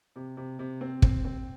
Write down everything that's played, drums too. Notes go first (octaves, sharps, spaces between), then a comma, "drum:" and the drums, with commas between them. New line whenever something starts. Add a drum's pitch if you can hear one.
C3
C3
C3
C4
C4, drum: kick
C4